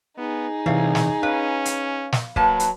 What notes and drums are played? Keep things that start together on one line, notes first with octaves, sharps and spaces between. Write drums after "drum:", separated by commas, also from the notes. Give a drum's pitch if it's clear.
B3 D#4 G#4
C2 C3 E3 A3 C#5 F5
drum: snare
C#4 B4 F5
drum: hi-hat
drum: snare
F#3 A#3 B4 A5, drum: kick
drum: hi-hat